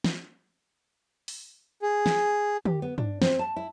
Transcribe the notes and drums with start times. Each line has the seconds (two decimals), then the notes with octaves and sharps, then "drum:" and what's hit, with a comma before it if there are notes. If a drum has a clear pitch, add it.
0.04 drum: snare
1.28 drum: open hi-hat
1.82 G#4
2.06 drum: snare
2.65 G4, drum: tom
2.82 B3
2.98 D4, drum: tom G2
3.22 C4, drum: snare
3.39 A5
3.56 E4